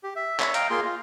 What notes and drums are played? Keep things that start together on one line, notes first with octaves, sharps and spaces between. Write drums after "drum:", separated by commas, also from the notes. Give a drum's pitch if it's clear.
G4
E5
C#5 E5, drum: clap
D#5 F5 G5 A#5, drum: hi-hat
A#3 F4 G#4 C6
F4